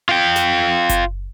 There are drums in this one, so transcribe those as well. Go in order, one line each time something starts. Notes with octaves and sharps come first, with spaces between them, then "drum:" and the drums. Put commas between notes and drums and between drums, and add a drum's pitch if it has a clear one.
F4 G5
drum: snare
drum: kick F#1, hi-hat